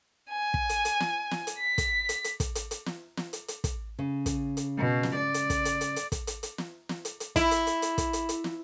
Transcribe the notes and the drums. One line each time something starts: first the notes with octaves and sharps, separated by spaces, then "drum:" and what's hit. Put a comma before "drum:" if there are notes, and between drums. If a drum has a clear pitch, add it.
G#5
drum: kick
drum: hi-hat
drum: hi-hat
drum: snare
drum: snare
drum: hi-hat
B6
drum: kick, hi-hat
drum: hi-hat
drum: hi-hat
drum: kick, hi-hat
drum: hi-hat
drum: hi-hat
drum: snare
drum: snare
drum: hi-hat
drum: hi-hat
drum: kick, hi-hat
C#3
drum: kick, hi-hat
drum: hi-hat
B2
drum: snare
D5
drum: hi-hat
drum: kick, hi-hat
drum: hi-hat
drum: hi-hat
drum: hi-hat
drum: kick, hi-hat
drum: hi-hat
drum: hi-hat
drum: snare
drum: snare
drum: hi-hat
drum: hi-hat
E4, drum: kick, hi-hat
drum: hi-hat
drum: hi-hat
drum: hi-hat
drum: kick, hi-hat
drum: hi-hat
drum: hi-hat
drum: snare